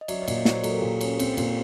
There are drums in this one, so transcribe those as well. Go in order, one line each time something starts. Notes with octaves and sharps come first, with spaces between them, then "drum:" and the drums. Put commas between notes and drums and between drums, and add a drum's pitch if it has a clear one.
D#5
F#3 D5 E5, drum: cymbal
C#5 D#5
A#2 D5, drum: cymbal
C#5 D#5
F#3 C5 D5, drum: snare
F#3 A4, drum: cymbal
A#4
A#2 G4 A4
C#4, drum: cymbal
C4, drum: cymbal
A#2, drum: cymbal